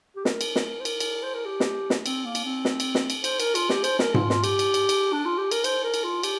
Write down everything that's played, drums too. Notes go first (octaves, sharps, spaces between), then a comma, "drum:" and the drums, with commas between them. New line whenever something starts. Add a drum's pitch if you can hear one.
G4
A#4, drum: snare
drum: cymbal
drum: snare
C5
A#4, drum: cymbal
drum: cymbal
C5
A#4
G4
drum: snare
drum: snare
C4, drum: cymbal
A#3
drum: cymbal
C4
drum: snare
drum: cymbal
drum: snare
drum: cymbal
C5, drum: cymbal
A#4, drum: cymbal
F4, drum: cymbal
G4, drum: snare
C5, drum: cymbal
A#4, drum: snare
F4, drum: tom G#2
F4, drum: snare
G4, drum: cymbal
drum: cymbal
drum: cymbal
drum: cymbal
D4
F4
G4
A#4, drum: cymbal
C5, drum: cymbal
A#4
drum: cymbal
F4
G4, drum: cymbal